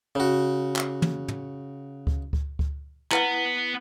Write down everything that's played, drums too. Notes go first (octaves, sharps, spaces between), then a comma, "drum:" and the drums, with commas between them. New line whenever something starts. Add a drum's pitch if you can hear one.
C#3 F#4
drum: clap
drum: tom
drum: tom
drum: kick C#2
drum: kick C#2
drum: kick C#2
B3 E4 B4 F#5, drum: clap